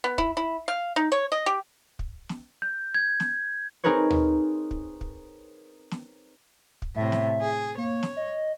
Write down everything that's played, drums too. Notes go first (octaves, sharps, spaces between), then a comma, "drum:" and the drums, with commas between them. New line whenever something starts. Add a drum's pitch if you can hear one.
B3
E4, drum: kick
E4
F5
D#4
C#5
D#5
G4
drum: kick
drum: snare
G6
G#6
drum: snare
C4 D#4 G#4 A#4 B4 C#5
drum: tom D2
drum: kick
drum: kick
drum: snare
drum: kick
A2 C3 E5
drum: snare
G#4
A#3 C#5
drum: snare
D#5